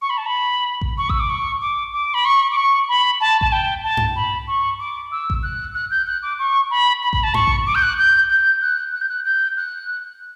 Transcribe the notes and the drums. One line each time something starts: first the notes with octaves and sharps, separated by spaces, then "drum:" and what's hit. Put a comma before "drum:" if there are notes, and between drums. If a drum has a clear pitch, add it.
C#6
B5
A5
B5
drum: kick A1
C#6
E6, drum: kick A1
D6
C#6
D6
D6
B5
C#6
D6
C#6
B5
A5
A5, drum: kick A1
G5
A5
drum: tom G2
B5
C#6
D6
E6
drum: kick A1
F#6
F#6
G6
F#6
D6
C#6
B5
B5
B5, drum: kick A1
A5
C#6, drum: tom G2
drum: kick A1
D6
G6
F#6
G6
G6
F#6
F#6
G6
F#6
G6
F#6